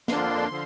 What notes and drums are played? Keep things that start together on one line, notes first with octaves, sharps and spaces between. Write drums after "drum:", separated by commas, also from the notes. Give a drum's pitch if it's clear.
F2 D3 F3 A#3 D4 C6, drum: snare
D3 F3